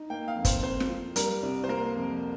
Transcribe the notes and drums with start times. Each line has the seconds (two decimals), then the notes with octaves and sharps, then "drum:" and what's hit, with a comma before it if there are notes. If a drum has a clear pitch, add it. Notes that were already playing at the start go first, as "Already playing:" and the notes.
Already playing: D#4
0.10 A#3 G5
0.28 F5
0.36 F2
0.45 C5, drum: kick, hi-hat
0.62 C4 C5
0.80 drum: snare
0.89 F4
1.16 G3 A#4, drum: hi-hat
1.43 C2
1.64 C5
1.69 A#3 A#4
1.95 F2